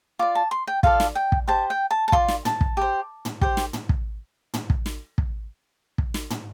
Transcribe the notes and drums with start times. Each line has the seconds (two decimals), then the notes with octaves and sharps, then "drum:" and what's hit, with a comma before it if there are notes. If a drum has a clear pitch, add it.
0.19 F4 D5 D6
0.35 A5
0.51 C6
0.67 G5
0.83 F4 A4 D5 F5, drum: kick
1.00 drum: snare
1.15 G5
1.32 drum: kick
1.48 G4 C5 A5
1.70 G5
1.91 A5
2.08 A5
2.12 F4 D5 C6, drum: kick
2.29 drum: snare
2.45 A5, drum: tom
2.61 drum: kick
2.77 G4 C5
3.25 drum: tom
3.41 G4 C5, drum: kick
3.57 drum: snare
3.73 drum: tom
3.89 drum: kick
4.54 drum: tom
4.70 drum: kick
4.86 drum: snare
5.18 drum: kick
5.98 drum: kick
6.14 drum: snare
6.30 drum: tom